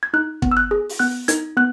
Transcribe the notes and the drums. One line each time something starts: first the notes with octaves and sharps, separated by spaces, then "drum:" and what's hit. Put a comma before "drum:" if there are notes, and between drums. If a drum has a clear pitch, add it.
G#6
D#4 F#6
B3, drum: kick
E6
F#6
G#4
drum: open hi-hat
B3 F#6
D#4 G#6, drum: hi-hat
B3 F#6